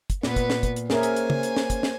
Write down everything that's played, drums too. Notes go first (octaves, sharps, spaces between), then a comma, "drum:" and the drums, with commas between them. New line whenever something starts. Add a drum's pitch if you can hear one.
drum: kick, hi-hat
A#2 B3 B4, drum: snare
drum: kick, hi-hat
drum: snare
drum: kick, hi-hat
drum: hi-hat
A#3 C#4 G#4 A#4 C5 E5 G#5, drum: snare
drum: hi-hat
drum: hi-hat
drum: tom
drum: hi-hat
drum: snare
drum: kick, hi-hat
drum: snare